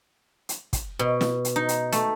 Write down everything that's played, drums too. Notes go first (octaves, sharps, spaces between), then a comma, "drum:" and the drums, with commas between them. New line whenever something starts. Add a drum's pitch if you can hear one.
drum: hi-hat
drum: kick, hi-hat
B2
drum: snare
drum: hi-hat
D#4
drum: hi-hat
A3, drum: hi-hat